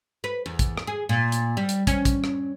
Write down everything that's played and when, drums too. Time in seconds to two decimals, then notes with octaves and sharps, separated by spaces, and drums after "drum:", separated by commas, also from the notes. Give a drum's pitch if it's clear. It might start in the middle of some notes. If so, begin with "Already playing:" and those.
0.24 B4
0.46 E2
0.59 drum: kick, hi-hat
0.77 drum: rim click
0.87 G#4
1.09 A#2
1.32 drum: hi-hat
1.57 G3
1.69 drum: hi-hat
1.87 C#4, drum: kick, hi-hat
2.05 drum: kick, hi-hat
2.24 drum: rim click